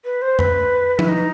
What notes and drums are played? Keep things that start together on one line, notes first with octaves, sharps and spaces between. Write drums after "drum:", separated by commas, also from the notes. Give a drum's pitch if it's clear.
B4
C5
B4, drum: tom F2
E4, drum: tom F3
D#4